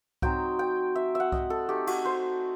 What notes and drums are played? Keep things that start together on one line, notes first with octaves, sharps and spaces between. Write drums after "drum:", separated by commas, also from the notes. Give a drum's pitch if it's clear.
F#3 C4 D#4 G5, drum: kick C2
G5
E5
E5 F#5
D#5, drum: kick C2
A4
A3 D#4 G4
F#4, drum: cymbal
C5